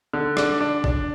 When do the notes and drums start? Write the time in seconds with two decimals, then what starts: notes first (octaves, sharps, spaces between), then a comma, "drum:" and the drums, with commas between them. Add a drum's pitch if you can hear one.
0.13 D3
0.37 D4, drum: rim click
0.61 D4
0.84 D4, drum: kick